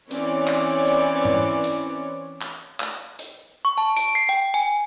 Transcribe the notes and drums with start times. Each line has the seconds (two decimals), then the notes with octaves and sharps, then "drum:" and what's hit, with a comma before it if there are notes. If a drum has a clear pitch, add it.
0.11 E3 C4 C#4 C#5 D5, drum: hi-hat
0.48 drum: clap
0.86 drum: hi-hat
1.25 drum: tom G#2
1.64 drum: hi-hat
2.41 drum: clap
2.80 drum: clap
3.19 drum: hi-hat
3.65 C#6
3.78 A5
3.97 D7, drum: hi-hat
4.15 C7
4.29 G5
4.54 G#5